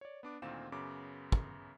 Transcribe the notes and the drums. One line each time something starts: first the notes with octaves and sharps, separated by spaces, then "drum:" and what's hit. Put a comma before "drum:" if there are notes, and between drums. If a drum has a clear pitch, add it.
C#5 D5
B3 D4 D6
D2 A#2 D#3 C4 F5 E7
F#2 C#3 B3 D6
drum: kick